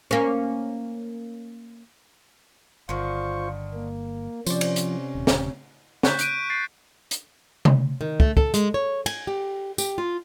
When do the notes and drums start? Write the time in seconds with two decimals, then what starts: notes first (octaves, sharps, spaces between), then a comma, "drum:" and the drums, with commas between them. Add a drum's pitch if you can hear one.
0.11 A#3 C#4
2.89 G1 D3 D#3 F4 C5 C#6
3.73 A#3
4.46 C3 F3 C#4 C5 D5, drum: tambourine
4.61 drum: cymbal
4.76 drum: hi-hat
5.15 D#1
5.27 drum: snare
6.03 C#6 F#6 G6 B6, drum: snare
6.19 F#6 D7 D#7, drum: hi-hat
6.50 A6 C7
7.11 drum: hi-hat
7.65 drum: tom C3
8.01 D#3
8.20 A3, drum: kick
8.37 A4, drum: kick
8.54 G#3, drum: hi-hat
8.74 C#5
9.06 G#5, drum: cymbal
9.27 G4
9.78 G4, drum: tambourine
9.98 F4